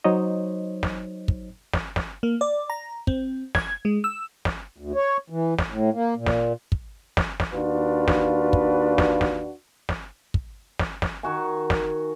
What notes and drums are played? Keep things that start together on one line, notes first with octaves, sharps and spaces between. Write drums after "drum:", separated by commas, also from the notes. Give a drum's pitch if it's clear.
F#3 D#4 C5 C#5 D#5
drum: snare
drum: kick
drum: snare
drum: snare
A#3
D5
A#5
C4, drum: kick
G#6, drum: snare
G#3
E6
drum: snare
D2
C#5
E3
drum: snare
A2
A#3
A#2
drum: snare
drum: kick
drum: snare
drum: snare
D#2 D4 F4 F#4 B4
drum: snare
drum: kick
drum: snare
drum: snare
drum: snare
drum: kick
drum: snare
drum: snare
D#3 F#4 G#5
drum: snare